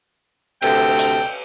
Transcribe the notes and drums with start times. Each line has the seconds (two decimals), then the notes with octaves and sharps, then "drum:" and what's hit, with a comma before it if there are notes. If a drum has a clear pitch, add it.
0.62 D2 C3 A3 G5, drum: cymbal
0.99 drum: hi-hat